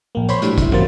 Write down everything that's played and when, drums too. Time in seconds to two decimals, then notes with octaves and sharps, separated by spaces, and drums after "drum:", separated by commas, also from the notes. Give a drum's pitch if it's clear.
0.15 A#1 A#3
0.29 C5 C#5 B5 C6, drum: hi-hat
0.42 A2 F#3 G3 D4, drum: hi-hat
0.58 G1 E4, drum: kick, hi-hat
0.72 A#2 F#3 A#3 C5 A6, drum: tom